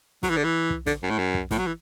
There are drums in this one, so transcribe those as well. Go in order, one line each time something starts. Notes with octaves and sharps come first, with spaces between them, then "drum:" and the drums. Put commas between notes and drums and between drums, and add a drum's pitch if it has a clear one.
F#3, drum: snare
E3
D3
E3
drum: kick
D3, drum: snare
F#2
A2
F#2
drum: kick
A2, drum: snare
F#3
E3